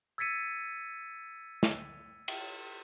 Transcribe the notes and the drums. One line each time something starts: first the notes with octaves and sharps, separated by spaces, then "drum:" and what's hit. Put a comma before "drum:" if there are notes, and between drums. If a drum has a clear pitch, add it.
E6 G#6 A6 B6 C#7 D#7
drum: snare
drum: cymbal